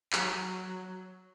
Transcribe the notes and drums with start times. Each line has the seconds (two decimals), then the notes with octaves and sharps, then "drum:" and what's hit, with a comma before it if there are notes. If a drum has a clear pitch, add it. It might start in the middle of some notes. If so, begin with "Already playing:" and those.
0.13 F#3, drum: clap